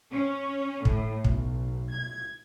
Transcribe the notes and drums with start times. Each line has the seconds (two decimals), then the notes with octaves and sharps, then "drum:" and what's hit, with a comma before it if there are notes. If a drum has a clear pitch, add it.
0.12 C#4
0.85 A2, drum: kick
1.24 B1, drum: kick
1.95 G#6